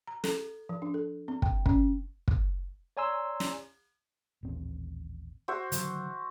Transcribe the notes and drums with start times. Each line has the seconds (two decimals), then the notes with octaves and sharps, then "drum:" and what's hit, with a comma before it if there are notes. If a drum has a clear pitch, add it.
0.07 A#5
0.24 A4, drum: snare
0.69 F3
0.82 D4
0.94 A4
1.28 C4
1.42 G5, drum: kick
1.66 C#4, drum: kick
2.28 drum: kick
2.97 C#5 D5 G#5 A#5 C6 E6
3.40 drum: snare
4.43 D#1 A1 C4
5.48 F#4 C5 E5
5.72 D3 D#3 F#3, drum: hi-hat